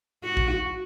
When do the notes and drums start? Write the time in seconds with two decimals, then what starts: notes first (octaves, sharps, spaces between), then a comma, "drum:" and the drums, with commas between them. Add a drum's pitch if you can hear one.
0.24 F#4
0.37 drum: kick A1